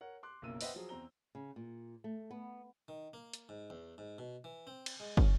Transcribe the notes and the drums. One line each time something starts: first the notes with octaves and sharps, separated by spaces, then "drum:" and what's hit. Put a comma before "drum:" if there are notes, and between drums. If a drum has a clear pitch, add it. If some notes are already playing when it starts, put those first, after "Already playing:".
A#4 C#5 F#5
C6 D6 F#6
F#1 B1 A#2 A#3 E6 D#7
B4 C5 D#5 E5 F#5 G5, drum: open hi-hat
F3 F#3 G#4
E2 C4 A#5 G7
C#3
A#2
A3
B3
D#3
A#3
drum: hi-hat
G#2
E2
G#2
B2
E3
C4
drum: cymbal
G#3
C#4, drum: kick